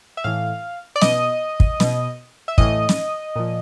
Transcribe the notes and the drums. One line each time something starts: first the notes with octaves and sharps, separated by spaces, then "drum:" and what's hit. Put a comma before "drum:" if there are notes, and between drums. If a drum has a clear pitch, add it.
E5
A2 E3 F5
D5
B2 D#5, drum: snare
drum: kick
B2, drum: snare
E5
A2 E3 D#5, drum: kick
drum: snare
A#2 F3